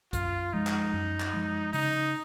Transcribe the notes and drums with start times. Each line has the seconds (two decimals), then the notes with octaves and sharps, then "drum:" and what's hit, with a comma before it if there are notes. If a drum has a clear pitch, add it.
0.13 F#2 F4, drum: kick, hi-hat
0.53 F3 G#3 D#4
0.67 drum: clap
0.93 F#2
1.20 drum: clap
1.33 F3 G#3
1.73 C#3 D#4, drum: open hi-hat